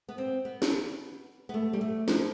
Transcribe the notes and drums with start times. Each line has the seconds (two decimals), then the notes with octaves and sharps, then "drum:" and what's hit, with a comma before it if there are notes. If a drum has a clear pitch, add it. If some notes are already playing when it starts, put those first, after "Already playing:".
0.08 B3
0.18 C4
0.45 B3
0.62 drum: snare
1.49 B3
1.54 A3
1.73 G3
1.81 A3
2.08 F3, drum: snare